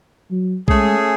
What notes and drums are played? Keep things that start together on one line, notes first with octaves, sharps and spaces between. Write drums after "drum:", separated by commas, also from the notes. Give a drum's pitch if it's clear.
F#3
G#3 A3 C#4 G#4, drum: kick B1